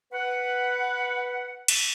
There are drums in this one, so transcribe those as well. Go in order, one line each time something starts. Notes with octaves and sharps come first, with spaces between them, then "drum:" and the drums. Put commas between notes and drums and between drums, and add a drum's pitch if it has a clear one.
B4 F#5
drum: cymbal